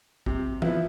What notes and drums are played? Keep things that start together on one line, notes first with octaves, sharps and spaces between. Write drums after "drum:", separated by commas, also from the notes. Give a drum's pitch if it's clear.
C3, drum: kick
F3 B3 E4, drum: tom